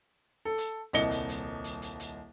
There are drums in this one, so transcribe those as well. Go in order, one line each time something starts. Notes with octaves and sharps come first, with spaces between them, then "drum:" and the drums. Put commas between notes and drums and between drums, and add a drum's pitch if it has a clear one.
A4
drum: hi-hat
D#1 C2 D#5 A#6 C#7 G7, drum: hi-hat
drum: hi-hat
drum: hi-hat
drum: hi-hat
drum: hi-hat
drum: hi-hat